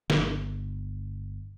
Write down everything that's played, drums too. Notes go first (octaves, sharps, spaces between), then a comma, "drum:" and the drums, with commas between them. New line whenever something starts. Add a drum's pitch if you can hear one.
G1, drum: snare